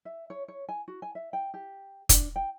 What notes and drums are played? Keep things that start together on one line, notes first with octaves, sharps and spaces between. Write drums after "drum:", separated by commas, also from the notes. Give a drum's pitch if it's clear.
E5
C#5
C#5
G#5
F#4
G#5
E5
G5
G4
D4, drum: kick, hi-hat
G5